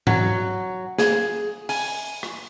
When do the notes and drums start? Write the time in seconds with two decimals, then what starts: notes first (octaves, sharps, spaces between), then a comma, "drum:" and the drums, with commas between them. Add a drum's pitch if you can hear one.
0.07 F#3, drum: tom G#2
0.98 G#4, drum: snare
1.69 G#5, drum: open hi-hat
2.23 drum: rim click